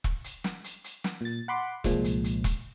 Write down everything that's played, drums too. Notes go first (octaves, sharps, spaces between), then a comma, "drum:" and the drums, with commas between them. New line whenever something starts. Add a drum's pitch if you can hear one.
drum: kick E1
drum: hi-hat
drum: snare
drum: hi-hat
drum: hi-hat
drum: snare
A#2 A6
F#5 B5 C6 D6
C2 A#2 F3 G#3, drum: kick E1, hi-hat
drum: hi-hat
drum: hi-hat
drum: kick E1, hi-hat